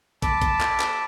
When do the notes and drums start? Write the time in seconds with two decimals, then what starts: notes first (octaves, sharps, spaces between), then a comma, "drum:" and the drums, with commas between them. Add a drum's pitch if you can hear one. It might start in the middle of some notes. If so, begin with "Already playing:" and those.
0.22 A5 B5 D6 E6, drum: kick, hi-hat
0.42 drum: kick, hi-hat
0.61 drum: clap
0.80 drum: clap